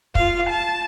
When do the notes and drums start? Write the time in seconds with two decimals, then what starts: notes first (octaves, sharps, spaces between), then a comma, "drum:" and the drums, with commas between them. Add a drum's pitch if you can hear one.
0.15 F4 F5, drum: kick
0.50 A5